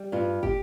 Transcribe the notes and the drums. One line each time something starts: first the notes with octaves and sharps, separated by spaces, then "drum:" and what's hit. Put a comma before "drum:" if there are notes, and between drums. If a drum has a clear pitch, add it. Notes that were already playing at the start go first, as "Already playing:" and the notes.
Already playing: G3
G2 F4
G4, drum: kick